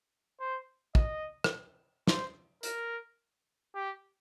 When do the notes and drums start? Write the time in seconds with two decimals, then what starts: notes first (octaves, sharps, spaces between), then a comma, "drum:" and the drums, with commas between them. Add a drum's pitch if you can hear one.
0.40 C5
0.95 D#5, drum: kick
1.44 drum: rim click
2.07 C5, drum: snare
2.63 A#4, drum: hi-hat
3.75 G4